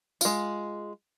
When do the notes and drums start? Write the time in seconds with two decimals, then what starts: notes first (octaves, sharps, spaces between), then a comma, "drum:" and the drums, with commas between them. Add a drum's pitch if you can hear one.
0.21 G#3 F4, drum: tambourine